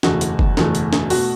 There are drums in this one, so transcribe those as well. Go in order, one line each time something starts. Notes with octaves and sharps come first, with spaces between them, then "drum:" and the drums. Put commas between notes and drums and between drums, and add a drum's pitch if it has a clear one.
F#1 E2 B2 A3 F#4, drum: snare
drum: hi-hat
drum: kick
F#1 E2 B2 A3, drum: snare
drum: hi-hat
drum: snare
B2 A3 F#4, drum: open hi-hat